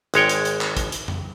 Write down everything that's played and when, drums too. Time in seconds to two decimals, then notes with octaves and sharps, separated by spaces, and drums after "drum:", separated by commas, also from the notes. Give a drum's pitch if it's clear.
0.14 G#1 G#3 C#5 G5, drum: hi-hat
0.29 drum: hi-hat
0.45 drum: hi-hat
0.61 drum: clap
0.77 drum: kick, hi-hat
0.92 drum: hi-hat
1.08 drum: tom F2